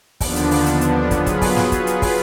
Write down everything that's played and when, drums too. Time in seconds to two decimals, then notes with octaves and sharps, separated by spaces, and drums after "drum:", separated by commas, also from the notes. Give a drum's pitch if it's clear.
0.21 D#2 D3 F3 B3 D4, drum: kick, open hi-hat
0.36 drum: hi-hat
0.51 drum: open hi-hat
0.66 drum: hi-hat
0.81 drum: hi-hat
1.11 F#3 B3 F4 G#4 B4, drum: kick, hi-hat
1.26 drum: kick, hi-hat
1.42 drum: kick, open hi-hat
1.57 drum: snare
1.72 drum: kick, hi-hat
1.87 drum: hi-hat
2.02 drum: kick, open hi-hat